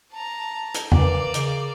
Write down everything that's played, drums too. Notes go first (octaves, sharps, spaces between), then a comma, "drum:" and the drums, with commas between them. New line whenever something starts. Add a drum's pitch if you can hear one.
A5 A#5
drum: hi-hat
E3 A#3 D5, drum: tom E2
C#3, drum: hi-hat